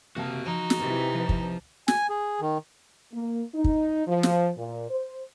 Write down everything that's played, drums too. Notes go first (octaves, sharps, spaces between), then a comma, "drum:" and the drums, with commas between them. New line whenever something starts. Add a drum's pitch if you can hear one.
C3 A#3 F#4 G4 A5
F3 D#4
drum: snare
C3 E3 A#4
F3
drum: kick
G#5, drum: snare
G#4
D#3
A#3
D#4
drum: kick
F3
drum: snare
A#2
C5